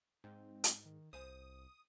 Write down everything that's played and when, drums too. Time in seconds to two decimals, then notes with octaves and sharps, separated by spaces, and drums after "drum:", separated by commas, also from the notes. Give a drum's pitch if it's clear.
0.24 G#2 C4 D#4
0.64 drum: hi-hat
0.85 D#3
1.13 C2 C5 F5 G#5 D#6